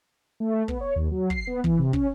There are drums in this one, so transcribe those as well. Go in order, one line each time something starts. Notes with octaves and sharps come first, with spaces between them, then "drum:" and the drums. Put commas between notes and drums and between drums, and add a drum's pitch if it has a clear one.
A3
A3
B3, drum: kick
C#5
D#2
F#3
C7, drum: kick
B3
E3, drum: kick
C3
C#4, drum: kick